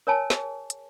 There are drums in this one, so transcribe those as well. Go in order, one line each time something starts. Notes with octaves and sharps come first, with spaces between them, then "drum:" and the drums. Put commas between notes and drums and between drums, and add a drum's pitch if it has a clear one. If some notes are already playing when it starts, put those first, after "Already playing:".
A#4 C#5 G#5 A5
G#4, drum: snare
drum: hi-hat